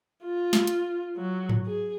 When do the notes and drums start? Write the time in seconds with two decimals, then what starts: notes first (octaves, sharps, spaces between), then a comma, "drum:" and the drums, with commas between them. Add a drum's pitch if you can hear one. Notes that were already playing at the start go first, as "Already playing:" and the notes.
0.24 F4
0.53 drum: snare
0.67 drum: hi-hat
1.17 F#3
1.49 drum: tom G#2
1.67 G#4